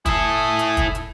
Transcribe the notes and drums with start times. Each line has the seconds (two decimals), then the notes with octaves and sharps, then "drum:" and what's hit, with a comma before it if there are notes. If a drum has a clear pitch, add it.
0.06 E4 A4 G#5 D#6, drum: kick, hi-hat
0.59 drum: hi-hat
0.77 drum: kick, hi-hat
0.95 drum: hi-hat